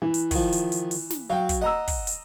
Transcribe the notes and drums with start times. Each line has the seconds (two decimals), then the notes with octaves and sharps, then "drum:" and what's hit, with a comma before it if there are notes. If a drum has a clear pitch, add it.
0.02 E3
0.14 drum: hi-hat
0.31 D#3 F3, drum: kick, open hi-hat
0.52 drum: hi-hat
0.72 drum: hi-hat
0.91 drum: open hi-hat
1.10 drum: snare
1.30 F#3 F5 G5
1.49 drum: kick, hi-hat
1.62 D#5 F#5 A#5 E6
1.88 drum: kick, open hi-hat
2.07 drum: hi-hat